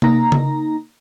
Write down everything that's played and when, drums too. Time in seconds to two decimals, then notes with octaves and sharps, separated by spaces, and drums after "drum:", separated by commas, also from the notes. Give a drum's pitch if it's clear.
0.02 A#3 D#4 A#5, drum: tom C3
0.32 drum: tom C#3